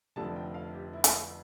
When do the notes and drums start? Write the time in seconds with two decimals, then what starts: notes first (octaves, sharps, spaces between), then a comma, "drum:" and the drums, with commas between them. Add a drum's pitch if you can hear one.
0.16 F1 F2 D3 F3 A3 A5
0.36 G5
0.54 F5
0.74 G4
0.93 E4
1.04 drum: hi-hat